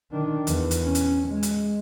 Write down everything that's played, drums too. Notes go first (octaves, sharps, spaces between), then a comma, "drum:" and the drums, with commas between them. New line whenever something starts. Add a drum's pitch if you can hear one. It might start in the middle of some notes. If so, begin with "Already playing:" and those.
D#3 D4
E2, drum: hi-hat
drum: hi-hat
C#4
drum: hi-hat
G#3
drum: hi-hat